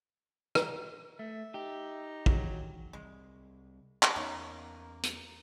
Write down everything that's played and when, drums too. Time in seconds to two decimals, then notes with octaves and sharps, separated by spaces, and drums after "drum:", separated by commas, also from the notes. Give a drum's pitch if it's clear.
0.55 drum: rim click
1.19 A3 E5
1.54 D#4 G4
2.26 D#3 E3 F#3 G#4, drum: kick
2.93 C2 G#3
4.03 drum: clap
4.16 E2 A#3 B3 C#4 D#4 C#5
5.03 drum: hi-hat